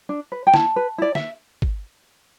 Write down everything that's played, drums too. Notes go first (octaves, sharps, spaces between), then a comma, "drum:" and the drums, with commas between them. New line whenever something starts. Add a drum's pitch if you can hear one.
D4
B4
G5
E4 A5, drum: snare
B4
E4 D5
E5, drum: snare
drum: kick